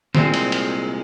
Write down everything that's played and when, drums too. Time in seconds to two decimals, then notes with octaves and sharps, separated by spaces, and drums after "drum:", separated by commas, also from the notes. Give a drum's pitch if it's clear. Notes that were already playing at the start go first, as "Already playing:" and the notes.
0.15 C2 A#2 G#3 C4, drum: snare
0.34 drum: cymbal
0.52 drum: cymbal